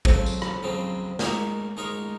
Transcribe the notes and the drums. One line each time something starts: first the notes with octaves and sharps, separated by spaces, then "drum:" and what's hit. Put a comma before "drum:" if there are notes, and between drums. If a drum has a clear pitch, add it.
F2 C#3 F#3 C4, drum: kick
drum: tambourine
drum: rim click
F2 C#3 F#3 C4
G#3 D#4 A#4 C#5, drum: snare
G#3 D#4 A#4 C#5